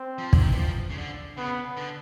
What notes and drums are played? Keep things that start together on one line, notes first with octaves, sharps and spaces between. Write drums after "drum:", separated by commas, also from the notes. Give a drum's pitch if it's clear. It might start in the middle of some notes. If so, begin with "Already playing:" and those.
Already playing: C4
F3
D3, drum: kick
D#3
E3
F3
C#3
D3
C#3 B3
D3